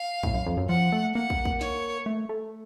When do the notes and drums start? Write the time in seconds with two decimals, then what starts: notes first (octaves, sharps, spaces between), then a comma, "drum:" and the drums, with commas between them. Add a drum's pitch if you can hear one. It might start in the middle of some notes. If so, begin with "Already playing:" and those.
Already playing: F5
0.23 A2, drum: kick
0.34 F#2
0.46 F2
0.57 F#2
0.69 F3 F#5
0.92 A3
1.15 A#3 F#5
1.30 drum: kick
1.45 drum: kick
1.61 C#5, drum: snare
2.06 A3
2.29 A3